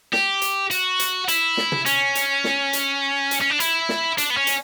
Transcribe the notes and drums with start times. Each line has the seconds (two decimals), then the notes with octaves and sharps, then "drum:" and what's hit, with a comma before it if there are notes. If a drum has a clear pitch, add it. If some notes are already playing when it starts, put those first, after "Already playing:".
0.13 G4, drum: snare
0.42 drum: hi-hat
0.71 F#4, drum: hi-hat
1.00 drum: hi-hat
1.28 E4, drum: hi-hat
1.57 drum: snare
1.72 drum: tom
1.86 C#4, drum: hi-hat
2.15 drum: hi-hat
2.44 drum: snare
2.73 drum: hi-hat
3.31 drum: hi-hat
3.41 C#4
3.51 D4
3.60 E4, drum: hi-hat
3.89 drum: snare
4.18 D4, drum: hi-hat
4.30 B3
4.37 C#4
4.47 drum: hi-hat